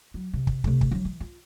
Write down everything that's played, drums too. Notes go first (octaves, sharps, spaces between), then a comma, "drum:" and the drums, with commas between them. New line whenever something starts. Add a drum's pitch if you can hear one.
F#3
C3
drum: kick
C3 A3, drum: kick
drum: kick
F3 F#3
E3
F4